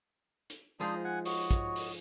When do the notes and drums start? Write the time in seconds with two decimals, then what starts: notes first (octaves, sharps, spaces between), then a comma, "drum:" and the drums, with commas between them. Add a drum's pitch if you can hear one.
0.50 drum: hi-hat
0.80 F3 G#3 D4 D#4 G#4 C5
1.04 F#5 G#5
1.25 F#4 C#5 D#5, drum: open hi-hat
1.51 drum: kick, hi-hat
1.76 drum: open hi-hat